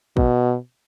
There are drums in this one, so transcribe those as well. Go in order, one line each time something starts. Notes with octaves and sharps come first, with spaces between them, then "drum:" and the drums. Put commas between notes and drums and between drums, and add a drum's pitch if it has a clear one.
B2, drum: kick